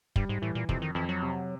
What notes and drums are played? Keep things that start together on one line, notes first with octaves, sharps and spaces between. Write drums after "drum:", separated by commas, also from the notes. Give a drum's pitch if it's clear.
G2 G3, drum: kick
G#2
A2 E3
A#2
F2 C3, drum: kick
D#3
F2 E3
F#3
C3